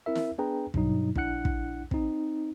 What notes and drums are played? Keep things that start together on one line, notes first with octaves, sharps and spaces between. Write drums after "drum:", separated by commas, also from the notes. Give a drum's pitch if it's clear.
C4 E4 A#4 E5
drum: snare
B3 D4 G#4 B4 G5 A#5
G2 B2 F#3 D#4, drum: kick
A#1 D4 E4 F#5 F#6 C#7, drum: kick
drum: kick
C4 D#4, drum: kick